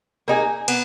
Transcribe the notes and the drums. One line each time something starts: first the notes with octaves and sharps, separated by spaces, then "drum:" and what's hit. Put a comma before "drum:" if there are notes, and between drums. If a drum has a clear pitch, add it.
A#3 D#4 G#4
B3, drum: cymbal